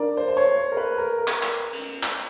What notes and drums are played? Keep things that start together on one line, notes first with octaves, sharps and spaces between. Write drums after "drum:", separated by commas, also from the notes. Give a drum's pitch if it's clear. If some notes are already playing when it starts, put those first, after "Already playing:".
Already playing: D4 A#4 D5
C5
C5
C#5
C5
A#4
B4
A#4
A#4
drum: clap
drum: clap
drum: cymbal
drum: clap